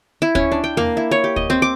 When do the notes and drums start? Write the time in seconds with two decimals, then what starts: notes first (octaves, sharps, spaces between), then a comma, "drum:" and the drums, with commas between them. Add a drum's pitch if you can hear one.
0.22 E4
0.35 C#4, drum: kick D2
0.52 D4
0.64 G5
0.77 A#3, drum: tom
0.97 E4
1.11 C#5
1.24 G4
1.36 D#5, drum: kick D2
1.50 C4
1.62 D6